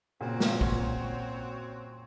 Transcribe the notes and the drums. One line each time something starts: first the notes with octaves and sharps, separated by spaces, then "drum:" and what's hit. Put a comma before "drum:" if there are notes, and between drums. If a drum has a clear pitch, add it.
A#2 C#3 C4 F#4 C#5
drum: snare
A#2, drum: kick